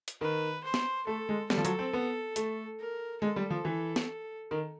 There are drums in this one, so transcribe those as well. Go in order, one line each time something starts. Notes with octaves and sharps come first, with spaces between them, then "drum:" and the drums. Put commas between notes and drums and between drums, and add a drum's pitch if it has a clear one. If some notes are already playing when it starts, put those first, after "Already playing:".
drum: hi-hat
D#3 B4
C5
drum: snare
A3 A4
G#3
G3 A4, drum: snare
F3
F#3, drum: hi-hat
C4
B3
A3, drum: hi-hat
A#4
G#3 A4
G3
F3
E3
drum: snare
D#3